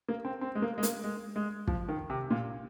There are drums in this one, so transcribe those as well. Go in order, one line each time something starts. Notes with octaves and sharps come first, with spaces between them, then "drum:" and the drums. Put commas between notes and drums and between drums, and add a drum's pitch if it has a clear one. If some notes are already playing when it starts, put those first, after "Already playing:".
A#3
C4
C4
G#3
A#3
G#3
A#3, drum: hi-hat
G#3
G#3
F3, drum: kick
D#3
C3
A#2